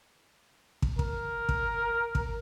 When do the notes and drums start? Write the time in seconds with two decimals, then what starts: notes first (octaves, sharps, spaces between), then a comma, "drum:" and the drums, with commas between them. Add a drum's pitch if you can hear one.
0.82 drum: kick
0.99 A#4, drum: kick
1.49 drum: kick
2.15 drum: kick